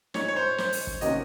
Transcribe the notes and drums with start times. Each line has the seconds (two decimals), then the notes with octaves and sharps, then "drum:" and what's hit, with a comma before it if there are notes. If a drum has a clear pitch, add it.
0.14 A#2 G#3 D#4 C#5, drum: snare
0.28 C#5
0.36 C5
0.58 C5, drum: snare
0.73 drum: open hi-hat
0.87 drum: kick
1.01 C3 D#3 A#3 C#4 F#4 D#5, drum: hi-hat